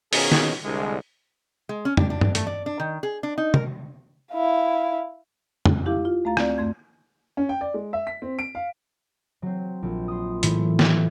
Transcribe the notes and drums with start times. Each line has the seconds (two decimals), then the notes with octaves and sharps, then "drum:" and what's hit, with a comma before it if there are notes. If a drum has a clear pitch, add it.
0.13 B2 D#3 C#4 D#4 F4 G#4, drum: open hi-hat
0.32 drum: snare
0.64 C2 D3 G#3
1.69 G#3
1.85 C#4
1.97 D4, drum: tom
2.10 D4
2.21 drum: tom G2
2.35 A3, drum: hi-hat
2.47 D5
2.66 D4
2.80 D#3
3.03 G#4
3.23 D4
3.38 D#4
3.54 A#4, drum: tom C3
4.32 E4 F5
5.66 drum: tom
5.86 E4 G4 F5 D6
6.05 F4
6.24 D2 A3 F5 A#5 A6
6.37 C4 D5, drum: rim click
6.58 F#2 A3 C6 G#6
7.37 C#4
7.49 G5
7.61 D5
7.74 G#3
7.93 E5
8.07 B6
8.22 C4
8.39 D7
8.55 F5
9.42 F#3 C4
9.83 A#1
10.08 C6 D#6
10.43 A2 E3 A3, drum: hi-hat
10.79 drum: snare